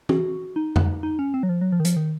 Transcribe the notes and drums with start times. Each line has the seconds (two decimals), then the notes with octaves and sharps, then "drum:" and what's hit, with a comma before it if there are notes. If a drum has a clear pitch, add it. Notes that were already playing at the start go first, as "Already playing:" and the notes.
0.09 F#4, drum: tom
0.56 D#4
0.76 drum: tom F2
1.03 D#4
1.19 C#4
1.34 C4
1.43 F#3
1.49 F3
1.61 F#3
1.72 F3
1.80 D#3
1.85 F3, drum: hi-hat
1.96 D#3